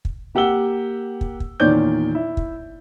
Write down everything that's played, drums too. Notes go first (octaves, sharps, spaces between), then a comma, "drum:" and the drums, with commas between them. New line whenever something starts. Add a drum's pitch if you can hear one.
drum: kick
A#3 G4 F#5 E6 G7
drum: kick
drum: kick
E2 A#2 D#3 C#5 D5 G6
E4
drum: kick